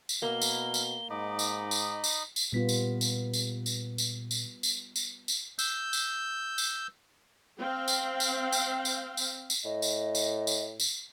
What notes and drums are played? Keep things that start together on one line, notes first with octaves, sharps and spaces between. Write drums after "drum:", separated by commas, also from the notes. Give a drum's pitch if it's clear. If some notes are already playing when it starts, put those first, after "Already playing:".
drum: tambourine
B2 A#3 E4 A#4 G7
drum: tambourine
drum: tambourine
G#2 D#4 D#5 B5 D6
drum: tambourine
drum: tambourine
drum: tambourine
drum: tambourine
A#2 G3 B3 F4 B6
drum: tambourine
drum: tambourine
drum: tambourine
drum: tambourine
drum: tambourine
drum: tambourine
drum: tambourine
drum: tambourine
drum: tambourine
E6 G6, drum: tambourine
drum: tambourine
drum: tambourine
C4 F5 G5
drum: tambourine
drum: tambourine
drum: tambourine
drum: tambourine
drum: tambourine
drum: tambourine
A2 D#5
drum: tambourine
drum: tambourine
drum: tambourine
drum: tambourine